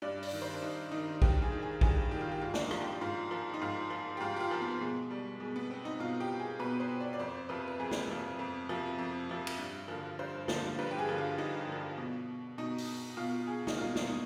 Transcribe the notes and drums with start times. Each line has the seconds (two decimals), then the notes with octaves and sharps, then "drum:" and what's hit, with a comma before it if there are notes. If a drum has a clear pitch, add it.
0.02 G2 D5
0.23 D5, drum: open hi-hat
0.33 D#3
0.42 C5
0.54 D4
0.62 G2 D#4
0.91 D#3 D#4
1.22 G2 G4, drum: kick A#1
1.42 G#4
1.52 D#3
1.62 G#4
1.81 G2 G#4, drum: kick A#1
2.11 D#3 G4
2.21 F4
2.31 G4
2.41 G#2 F4
2.54 D4, drum: snare
2.62 D#4
2.71 F3, drum: rim click
2.81 G4
3.01 G#2 F4
3.31 F3
3.54 D#4
3.62 G#2 F4
3.90 F3
4.17 G4
4.20 G#2 F4
4.36 G4
4.40 F4
4.51 F3
4.61 B3
4.81 B2 G#3
5.11 G3
5.40 B2 G#3
5.56 B3
5.70 C4
5.85 D#4
5.99 B2 F4
6.20 G4
6.39 G#4
6.59 B2 B4
6.80 C5
7.00 D5
7.13 D5
7.19 F2 C5
7.49 C3 F3 B4
7.68 B4
7.79 F2 G#4
7.91 drum: snare
8.09 C3 F3
8.39 F2
8.69 C3 F3
8.98 F2
9.29 C3 F3
9.47 drum: cymbal
9.58 G2
9.88 D3 F3
10.19 G2 C5
10.48 D3 F3, drum: snare
10.79 G2 B4
10.91 G4
10.99 G#4
11.09 D3 F3
11.18 F4
11.38 G2 D#4
11.67 D3 F3
11.98 B2
12.58 B2 D#4
12.78 drum: open hi-hat
13.17 B2 F4
13.47 G#4
13.67 D#4, drum: snare
13.77 B2 F4
13.96 F4, drum: snare
14.07 D#4